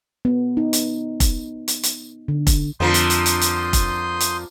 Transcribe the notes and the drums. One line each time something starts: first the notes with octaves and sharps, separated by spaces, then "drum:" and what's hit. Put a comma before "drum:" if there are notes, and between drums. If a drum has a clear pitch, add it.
B3
D#4
drum: hi-hat
drum: kick F1, hi-hat
drum: hi-hat
drum: hi-hat
D3
drum: kick F1, hi-hat
F2 D3 F3 A#3 C6 D#6 G6
drum: hi-hat
drum: hi-hat
drum: hi-hat
drum: hi-hat
drum: kick F1, hi-hat
drum: hi-hat